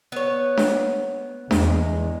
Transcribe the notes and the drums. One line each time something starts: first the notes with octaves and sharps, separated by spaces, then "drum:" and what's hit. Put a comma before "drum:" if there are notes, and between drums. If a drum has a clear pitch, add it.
B3 C#5
drum: snare D4
E2 G#3, drum: snare D4